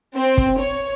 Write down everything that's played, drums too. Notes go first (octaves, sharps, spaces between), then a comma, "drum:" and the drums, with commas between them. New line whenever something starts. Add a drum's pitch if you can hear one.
C4
drum: kick
C#5